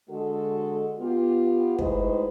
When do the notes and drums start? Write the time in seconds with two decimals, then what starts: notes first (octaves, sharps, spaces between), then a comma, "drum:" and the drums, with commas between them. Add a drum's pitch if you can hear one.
0.10 D3 G#3 F#4 A4
0.99 B3 F4 G4
1.79 A2 G#3 D#4 F#4 B4 C5, drum: kick